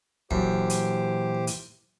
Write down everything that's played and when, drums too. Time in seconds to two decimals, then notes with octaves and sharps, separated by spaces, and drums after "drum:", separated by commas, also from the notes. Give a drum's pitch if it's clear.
0.31 F#2 A#2 E3 G4 C5, drum: kick
0.70 drum: hi-hat
1.47 drum: hi-hat